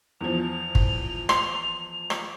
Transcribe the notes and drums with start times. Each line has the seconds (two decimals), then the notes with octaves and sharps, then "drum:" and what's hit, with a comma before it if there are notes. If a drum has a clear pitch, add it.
0.21 E2 F3 F7
0.75 drum: kick
1.29 C6, drum: rim click
2.10 drum: rim click